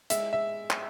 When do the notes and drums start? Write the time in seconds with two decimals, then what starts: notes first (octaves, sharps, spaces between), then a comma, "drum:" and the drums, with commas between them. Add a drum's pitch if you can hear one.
0.10 G#3 E5, drum: hi-hat
0.33 E5
0.71 drum: clap